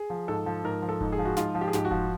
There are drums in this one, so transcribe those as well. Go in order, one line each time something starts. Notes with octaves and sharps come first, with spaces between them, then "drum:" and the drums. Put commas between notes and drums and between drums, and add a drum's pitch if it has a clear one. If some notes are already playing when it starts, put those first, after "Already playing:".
Already playing: G#4
F3
G#2 A4
F3
G#2 A#4
F3
A4
G#2, drum: kick E1
G#4
F3
F#4
G#2 F4, drum: snare
F3
G4
G#4
G#2 G4, drum: snare
F#4
F3, drum: kick E1